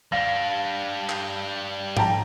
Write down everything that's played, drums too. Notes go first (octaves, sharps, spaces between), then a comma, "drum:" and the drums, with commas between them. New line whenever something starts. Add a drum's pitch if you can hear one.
G3 D4 F5 A#6
drum: clap
G5 A5 A#5, drum: tom G#2